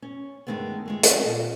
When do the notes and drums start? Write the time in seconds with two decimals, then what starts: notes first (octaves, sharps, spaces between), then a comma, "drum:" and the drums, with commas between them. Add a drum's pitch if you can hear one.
0.02 C#4
0.47 G2 A#2 D#3 G#3 A3 B3
0.86 D#3 G#3 A3
1.03 D5, drum: hi-hat
1.23 A#2 D#5